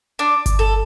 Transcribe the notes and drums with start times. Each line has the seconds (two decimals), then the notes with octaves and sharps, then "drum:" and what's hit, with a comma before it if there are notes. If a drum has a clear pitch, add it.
0.19 D4
0.46 drum: kick G1, hi-hat
0.59 A4